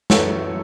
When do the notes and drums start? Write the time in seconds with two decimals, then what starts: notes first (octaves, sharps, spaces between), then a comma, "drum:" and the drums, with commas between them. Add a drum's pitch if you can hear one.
0.10 F#2 E3 A4 C#5, drum: snare